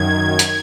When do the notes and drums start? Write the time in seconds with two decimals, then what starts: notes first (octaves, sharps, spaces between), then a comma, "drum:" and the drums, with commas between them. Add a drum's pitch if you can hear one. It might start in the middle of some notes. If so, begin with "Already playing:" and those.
Already playing: F#2 D#3 G#6
0.39 drum: hi-hat